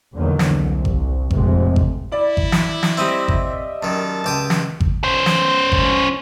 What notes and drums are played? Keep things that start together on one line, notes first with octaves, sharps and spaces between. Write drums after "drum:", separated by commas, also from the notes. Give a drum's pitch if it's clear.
A#1 E2 D3 D#3 F#3 A#3
drum: snare
C2
drum: kick G#1
F1 A#1 F2 C3 G#3 A3, drum: kick G#1
drum: kick G#1
E4 D5
drum: kick G#1
drum: snare
drum: snare
G3 C4 D#5 E5
drum: kick G#1
F#2 D#3 A5
C#2 G4 D#6
drum: snare
drum: kick G#1
C#4 C5
drum: snare
drum: kick G#1